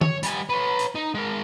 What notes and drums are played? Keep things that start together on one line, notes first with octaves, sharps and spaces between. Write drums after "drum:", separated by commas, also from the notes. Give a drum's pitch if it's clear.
C#5, drum: tom
G3 G#5, drum: hi-hat
B4 C#5
drum: hi-hat
D#4
G#3 A#4